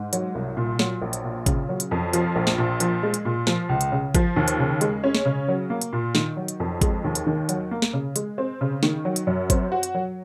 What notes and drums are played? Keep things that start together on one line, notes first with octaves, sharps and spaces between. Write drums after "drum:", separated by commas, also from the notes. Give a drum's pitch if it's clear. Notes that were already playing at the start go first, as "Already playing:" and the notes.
Already playing: G#2
F#3, drum: hi-hat
C2
A#2
F#3, drum: snare
A#1
drum: hi-hat
A#2
C#3, drum: kick G#1, hi-hat
F#3
drum: hi-hat
F2
F3, drum: hi-hat
A#1
drum: snare
A#2
F3, drum: hi-hat
G#3
drum: hi-hat
A#2
F3, drum: snare
C#2
drum: hi-hat
C#3
F3, drum: kick G#1, hi-hat
D#2
drum: hi-hat
C#3
G#3, drum: hi-hat
C#4
drum: snare
C#3
F#3
A#3
drum: hi-hat
A#2
D#3, drum: snare
F#3
drum: hi-hat
F2
G#3, drum: kick G#1, hi-hat
D#2
drum: hi-hat
D#3
F#3, drum: hi-hat
A#3
drum: snare
C#3
G#3, drum: hi-hat
C4
C#3
D#3, drum: snare
F#3
drum: hi-hat
F#2
C4, drum: kick G#1, hi-hat
F#4
drum: hi-hat
F#3